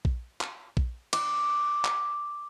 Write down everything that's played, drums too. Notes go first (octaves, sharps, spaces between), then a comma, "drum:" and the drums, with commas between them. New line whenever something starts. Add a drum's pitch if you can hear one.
drum: kick A#1
drum: clap
drum: kick A#1
D6, drum: cymbal
drum: clap